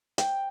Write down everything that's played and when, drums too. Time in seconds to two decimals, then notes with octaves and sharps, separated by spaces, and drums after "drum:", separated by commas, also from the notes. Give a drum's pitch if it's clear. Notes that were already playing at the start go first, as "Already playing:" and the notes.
0.18 G5, drum: hi-hat